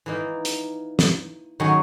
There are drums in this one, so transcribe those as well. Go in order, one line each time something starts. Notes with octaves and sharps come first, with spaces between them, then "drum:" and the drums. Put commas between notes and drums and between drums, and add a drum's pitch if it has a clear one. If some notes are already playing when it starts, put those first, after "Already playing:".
E3 A#3 D#4
drum: hi-hat
drum: snare
D#3 F#3 C#4 G#4